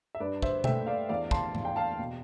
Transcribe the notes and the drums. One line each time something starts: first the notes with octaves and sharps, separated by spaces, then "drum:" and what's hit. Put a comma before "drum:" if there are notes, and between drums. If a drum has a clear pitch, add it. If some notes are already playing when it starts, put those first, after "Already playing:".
E5
G2 B4 D5
C5 E5, drum: kick
A3 E5 G5, drum: tom B2
D5 F5
E2 D5 F5
A5 C6, drum: kick
E2, drum: tom G#2
G5
F5 A5
B2